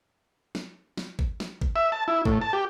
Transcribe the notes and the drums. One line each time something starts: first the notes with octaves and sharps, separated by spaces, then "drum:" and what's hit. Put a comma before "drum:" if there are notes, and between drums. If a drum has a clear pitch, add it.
drum: snare
drum: snare
drum: kick G#1
drum: snare
drum: kick G#1
E5
A5
E4
A2, drum: kick G#1
A5
G4